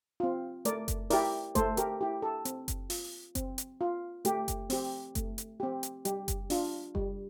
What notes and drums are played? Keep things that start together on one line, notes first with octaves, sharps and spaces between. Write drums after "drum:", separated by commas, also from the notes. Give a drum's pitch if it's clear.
C4 F4
A3 A#4 D5, drum: hi-hat
drum: kick F#1, hi-hat
E4 G4 A#4 D5, drum: open hi-hat
A3 A4 C5, drum: kick F#1, hi-hat
G4 A#4, drum: hi-hat
E4 G4
A4
C4, drum: hi-hat
drum: kick F#1, hi-hat
F4, drum: open hi-hat
C4, drum: kick F#1, hi-hat
drum: hi-hat
F4
A3 G4, drum: hi-hat
drum: kick F#1, hi-hat
C4 G4, drum: open hi-hat
A3, drum: kick F#1, hi-hat
drum: hi-hat
C4 G4
drum: hi-hat
G3 G4, drum: hi-hat
drum: kick F#1, hi-hat
D4 F4, drum: open hi-hat
G3, drum: kick F#1